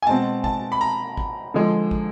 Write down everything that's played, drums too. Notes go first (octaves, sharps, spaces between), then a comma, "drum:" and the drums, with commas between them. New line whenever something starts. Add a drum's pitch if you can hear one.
G#5
B2 G#3 C4 A5
A5, drum: kick
B5
A#5
drum: kick
D3 F3 G#3
drum: kick